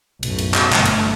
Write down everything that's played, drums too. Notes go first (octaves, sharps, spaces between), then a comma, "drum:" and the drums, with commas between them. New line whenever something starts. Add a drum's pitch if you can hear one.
B1 F#2 A2, drum: cymbal
drum: cymbal
drum: clap
G1 A3, drum: clap
drum: cymbal